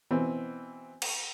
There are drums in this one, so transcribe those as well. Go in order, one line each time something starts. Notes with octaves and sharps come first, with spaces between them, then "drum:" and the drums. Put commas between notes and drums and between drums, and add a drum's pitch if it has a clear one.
B2 E3 C4
drum: cymbal